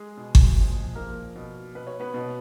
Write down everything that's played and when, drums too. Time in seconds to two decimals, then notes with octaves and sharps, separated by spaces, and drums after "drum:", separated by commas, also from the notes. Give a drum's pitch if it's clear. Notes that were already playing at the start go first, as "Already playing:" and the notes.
Already playing: G#3 G#4
0.17 B2
0.35 drum: kick G1
0.56 A#2 F3
0.95 A#2 F3 A#3 A#4
1.35 B2
1.75 B2 B4
1.87 C#5
2.00 B3 B4
2.14 B2